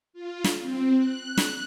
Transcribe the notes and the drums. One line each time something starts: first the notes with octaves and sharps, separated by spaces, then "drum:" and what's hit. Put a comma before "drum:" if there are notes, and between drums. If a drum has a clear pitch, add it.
F4
drum: snare
C4
F#6
drum: snare